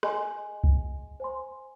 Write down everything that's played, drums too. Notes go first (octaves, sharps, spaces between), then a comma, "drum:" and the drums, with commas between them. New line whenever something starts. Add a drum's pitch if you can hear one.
G#4 D#5 G#5 C6, drum: rim click
drum: kick C2
C5 G#5 C6